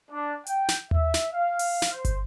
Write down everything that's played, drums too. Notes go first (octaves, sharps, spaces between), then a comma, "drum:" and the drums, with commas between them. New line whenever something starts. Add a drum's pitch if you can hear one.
D4
G5, drum: hi-hat
drum: snare
E5, drum: tom D#2
drum: snare
F5
drum: open hi-hat
drum: snare
C5
drum: kick, hi-hat